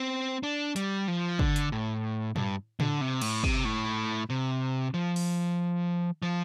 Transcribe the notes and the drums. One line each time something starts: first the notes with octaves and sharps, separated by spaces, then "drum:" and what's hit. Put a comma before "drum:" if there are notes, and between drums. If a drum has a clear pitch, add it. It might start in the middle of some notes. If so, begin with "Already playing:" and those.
Already playing: C4
D4
G3, drum: hi-hat
F3
D3, drum: kick
drum: hi-hat
A2
G2, drum: tom A2
D3, drum: tom A2
C3
A2, drum: cymbal
C3, drum: kick
A2
C3
F3
drum: open hi-hat
F3